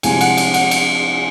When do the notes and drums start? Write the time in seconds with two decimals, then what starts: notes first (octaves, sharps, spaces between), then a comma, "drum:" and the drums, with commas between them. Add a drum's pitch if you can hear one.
0.03 C2 C3 F3 G#3 G#5, drum: cymbal
0.21 F#5, drum: cymbal
0.37 drum: cymbal
0.54 F#5, drum: cymbal
0.71 drum: cymbal